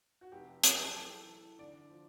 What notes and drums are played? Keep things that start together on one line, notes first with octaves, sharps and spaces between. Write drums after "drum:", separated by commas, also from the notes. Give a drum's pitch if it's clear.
F#4
F1 G4
F#3, drum: hi-hat
G4
G#4
E3 A4
E3
D3 D5
F3